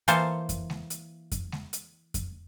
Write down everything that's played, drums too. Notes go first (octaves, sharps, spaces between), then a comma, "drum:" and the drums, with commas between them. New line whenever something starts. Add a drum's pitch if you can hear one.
E3 A#3 F4 A4 C5, drum: hi-hat
drum: kick F2, hi-hat
drum: snare G#3
drum: hi-hat
drum: kick F2, hi-hat
drum: snare G#3
drum: hi-hat
drum: kick F2, hi-hat